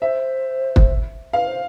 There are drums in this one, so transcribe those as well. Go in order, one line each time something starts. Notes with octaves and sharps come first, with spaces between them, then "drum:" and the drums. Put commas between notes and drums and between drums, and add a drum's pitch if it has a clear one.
C5 E5
drum: kick
B4 F5
C5